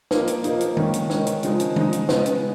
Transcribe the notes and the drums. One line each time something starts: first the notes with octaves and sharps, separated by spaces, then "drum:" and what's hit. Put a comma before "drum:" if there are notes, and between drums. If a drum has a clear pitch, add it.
F3 A#3 D#4, drum: snare
drum: hi-hat
F3 A#3 D#4, drum: hi-hat
drum: hi-hat
D#3 G#3 C#4, drum: tom D#3
drum: hi-hat
D#3 G#3 C#4, drum: snare
drum: hi-hat
C#3 F3 G#3 D#4, drum: hi-hat
drum: hi-hat
C#3 F3 G#3 D#4, drum: tom D#3
drum: hi-hat
C#3 G#3 B3, drum: snare
drum: hi-hat